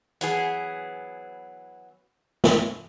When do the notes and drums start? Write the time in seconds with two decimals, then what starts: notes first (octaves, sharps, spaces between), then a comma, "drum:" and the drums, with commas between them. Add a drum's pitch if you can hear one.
0.21 E3 F#3 B3 G#4, drum: hi-hat
2.44 drum: snare